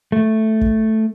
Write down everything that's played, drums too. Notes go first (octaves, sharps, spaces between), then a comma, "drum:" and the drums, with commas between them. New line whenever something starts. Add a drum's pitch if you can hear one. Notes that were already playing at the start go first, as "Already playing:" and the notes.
A3
drum: kick